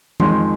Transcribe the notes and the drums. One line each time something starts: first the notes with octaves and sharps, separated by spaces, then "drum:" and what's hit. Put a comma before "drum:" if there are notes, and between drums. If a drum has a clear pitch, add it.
F2 D#3 G#3 C6, drum: tom E3